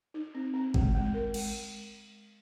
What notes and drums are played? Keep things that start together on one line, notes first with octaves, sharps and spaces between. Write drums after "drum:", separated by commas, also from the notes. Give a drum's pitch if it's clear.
D#4
C4
C4
G#3, drum: kick G#1
G#3
A#4
G#3, drum: cymbal